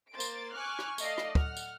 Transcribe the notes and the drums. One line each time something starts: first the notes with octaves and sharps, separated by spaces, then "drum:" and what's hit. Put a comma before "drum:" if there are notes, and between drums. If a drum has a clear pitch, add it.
A#3 C5 C6 A6 D7
drum: tambourine
G#5 C#6 D6 F6 F#6
drum: rim click
A3 D5 D#5 F5 C7, drum: tambourine
drum: rim click
F#5 F6, drum: kick
drum: tambourine